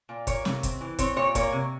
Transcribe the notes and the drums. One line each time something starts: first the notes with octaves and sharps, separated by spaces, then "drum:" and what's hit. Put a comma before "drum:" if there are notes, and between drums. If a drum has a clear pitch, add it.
A#2
A#3 C#5, drum: kick, hi-hat
C3, drum: snare
C4, drum: kick, hi-hat
E3
C4 C#5, drum: kick, hi-hat
A#2 C#5
A#3 C#5, drum: kick, hi-hat
C3